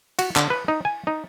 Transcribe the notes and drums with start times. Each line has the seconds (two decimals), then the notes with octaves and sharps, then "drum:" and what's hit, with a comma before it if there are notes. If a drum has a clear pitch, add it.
0.19 F#4, drum: cymbal
0.36 D3, drum: clap
0.50 B4
0.68 D#4
0.85 G#5
1.07 D#4